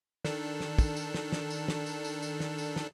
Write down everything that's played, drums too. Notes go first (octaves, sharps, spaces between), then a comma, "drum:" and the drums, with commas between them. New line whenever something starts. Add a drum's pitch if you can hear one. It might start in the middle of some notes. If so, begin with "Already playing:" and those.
D#3 D4 A4, drum: snare
drum: snare
drum: kick, tambourine
drum: tambourine
drum: snare
drum: snare
drum: tambourine
drum: snare
drum: tambourine
drum: tambourine
drum: tambourine
drum: snare
drum: tambourine
drum: snare